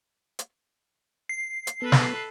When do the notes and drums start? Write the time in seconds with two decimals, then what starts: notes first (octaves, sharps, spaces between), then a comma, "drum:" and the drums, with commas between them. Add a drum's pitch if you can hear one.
0.39 drum: hi-hat
1.29 C7
1.67 drum: hi-hat
1.82 B3 A4 B4
1.92 drum: snare